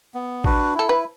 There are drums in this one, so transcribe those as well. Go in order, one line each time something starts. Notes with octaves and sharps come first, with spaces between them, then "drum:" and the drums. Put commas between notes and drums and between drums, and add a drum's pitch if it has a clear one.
B3
D4 F#4 B4, drum: kick
E4 A4
B4